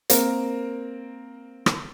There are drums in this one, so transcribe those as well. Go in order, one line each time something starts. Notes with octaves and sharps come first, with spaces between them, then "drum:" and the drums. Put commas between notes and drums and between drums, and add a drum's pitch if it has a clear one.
A#3 C4 A#4, drum: hi-hat
drum: rim click